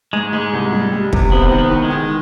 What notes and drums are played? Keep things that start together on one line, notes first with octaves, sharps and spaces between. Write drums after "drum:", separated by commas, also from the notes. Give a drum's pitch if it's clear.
G#2 G#3
G#2 G#3
C2
G3
G3
C3, drum: kick
B3 C4
D#3
B3
D#3
G#3
D#3